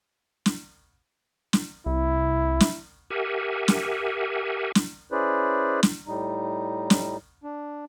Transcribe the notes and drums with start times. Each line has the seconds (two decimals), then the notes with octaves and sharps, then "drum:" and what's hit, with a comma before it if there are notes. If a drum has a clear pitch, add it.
0.46 drum: snare
1.53 drum: snare
1.86 C2 E4
2.60 drum: snare
3.10 G4 A#4 E5 F#5 G#5
3.68 drum: snare
4.75 drum: snare
5.12 C#4 E4 G#4 B4 C5 D5
5.83 drum: snare
6.07 A2 G3 D#4
6.90 drum: snare
7.44 D4